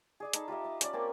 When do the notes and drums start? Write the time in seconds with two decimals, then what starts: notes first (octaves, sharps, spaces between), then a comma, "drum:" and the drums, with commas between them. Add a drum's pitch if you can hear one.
0.20 G#4 D5 G#5
0.33 D#4 A4 A5 B5, drum: hi-hat
0.48 F4 G4 D#5 E5
0.64 D#5 A5
0.81 C#4 D5, drum: hi-hat
0.93 A#3 C4 C#4 A#4